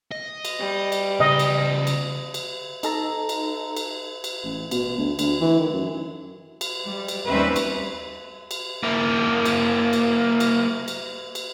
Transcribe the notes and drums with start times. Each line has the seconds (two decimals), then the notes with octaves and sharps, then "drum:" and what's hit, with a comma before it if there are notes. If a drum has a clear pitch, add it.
0.12 D#5
0.45 drum: cymbal
0.60 G3
0.92 drum: cymbal
1.20 C#3 B3 D#5
1.39 drum: cymbal
1.87 drum: cymbal
2.34 drum: cymbal
2.83 D#4 A4 A#5, drum: cymbal
3.29 drum: cymbal
3.77 drum: cymbal
4.24 drum: cymbal
4.44 A1
4.71 B2, drum: cymbal
4.98 D2
5.19 D2, drum: cymbal
5.41 E3
5.60 D#3
5.73 F#2
6.61 drum: cymbal
6.86 G3
7.08 drum: cymbal
7.29 D#2 G3 C4 C#4 B4 E5
7.56 drum: cymbal
8.51 drum: cymbal
8.83 A#3 E4
9.45 drum: cymbal
9.93 drum: cymbal
10.40 drum: cymbal
10.88 drum: cymbal
11.35 drum: cymbal